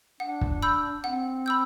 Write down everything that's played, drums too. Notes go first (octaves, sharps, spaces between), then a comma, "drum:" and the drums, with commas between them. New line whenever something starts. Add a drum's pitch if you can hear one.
D4 F#5
drum: kick
B5 E6 G6
C4 F#5
B5 E6 G6